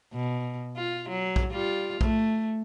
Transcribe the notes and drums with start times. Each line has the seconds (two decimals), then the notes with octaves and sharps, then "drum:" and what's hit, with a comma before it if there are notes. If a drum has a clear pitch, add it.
0.14 B2
0.77 F4
1.10 F#3
1.36 drum: kick A#1
1.52 G3 F4
2.01 A3, drum: kick A#1